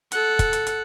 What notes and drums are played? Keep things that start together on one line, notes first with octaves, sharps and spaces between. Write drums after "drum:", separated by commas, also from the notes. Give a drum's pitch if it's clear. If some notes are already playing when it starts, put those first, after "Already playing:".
A4 F#5, drum: hi-hat
drum: kick, hi-hat
drum: hi-hat
drum: hi-hat